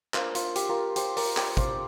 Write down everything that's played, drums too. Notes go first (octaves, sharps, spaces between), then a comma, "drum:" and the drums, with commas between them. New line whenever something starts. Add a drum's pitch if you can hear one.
A#3 D4 F4 C5 F5, drum: clap
F4, drum: hi-hat
G4, drum: hi-hat
F4 A#4
G4 C5, drum: hi-hat
A#4 D5, drum: open hi-hat
D5 G5, drum: clap
C5 F5, drum: kick, hi-hat